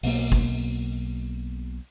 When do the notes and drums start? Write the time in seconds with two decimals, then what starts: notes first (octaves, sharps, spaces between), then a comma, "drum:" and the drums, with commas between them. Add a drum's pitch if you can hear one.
0.03 B1 B2 A#3, drum: open hi-hat
0.32 drum: kick